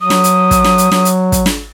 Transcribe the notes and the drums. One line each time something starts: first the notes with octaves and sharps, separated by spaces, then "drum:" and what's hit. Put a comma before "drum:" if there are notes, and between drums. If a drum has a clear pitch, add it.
F#3 D#6
drum: snare
drum: hi-hat
drum: kick, hi-hat
drum: snare
drum: hi-hat
F#3, drum: snare
drum: hi-hat
drum: kick, hi-hat
drum: snare